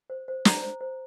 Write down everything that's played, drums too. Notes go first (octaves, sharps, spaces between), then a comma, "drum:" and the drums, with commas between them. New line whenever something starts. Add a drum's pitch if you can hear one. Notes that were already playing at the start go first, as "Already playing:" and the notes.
C5
C5
A#5, drum: snare
C5
C5